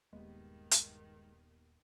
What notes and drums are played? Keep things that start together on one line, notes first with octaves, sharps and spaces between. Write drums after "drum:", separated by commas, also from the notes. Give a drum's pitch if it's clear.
D#1 G2 D#3 G3 G#3 A#3 B3
drum: hi-hat